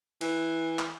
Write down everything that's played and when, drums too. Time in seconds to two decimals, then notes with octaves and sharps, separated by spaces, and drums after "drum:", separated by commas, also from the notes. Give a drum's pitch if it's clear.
0.21 E3, drum: cymbal
0.79 drum: clap